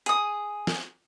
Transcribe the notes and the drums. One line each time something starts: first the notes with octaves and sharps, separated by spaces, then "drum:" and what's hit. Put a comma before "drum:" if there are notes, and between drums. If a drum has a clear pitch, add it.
G#4 D#6, drum: hi-hat
drum: snare